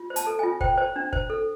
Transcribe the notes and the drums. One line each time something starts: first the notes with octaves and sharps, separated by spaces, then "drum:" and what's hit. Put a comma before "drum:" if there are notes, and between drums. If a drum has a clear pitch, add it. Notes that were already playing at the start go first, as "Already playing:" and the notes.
Already playing: F4
C5
A5, drum: hi-hat
A4
G#5
F4
C5 G5, drum: kick
C5
D4
C5, drum: kick
A4